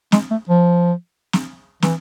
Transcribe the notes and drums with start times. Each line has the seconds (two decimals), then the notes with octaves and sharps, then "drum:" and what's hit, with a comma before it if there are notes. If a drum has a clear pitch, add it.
0.12 G#3, drum: snare
0.31 A3
0.49 F3
1.33 drum: snare
1.82 E3, drum: snare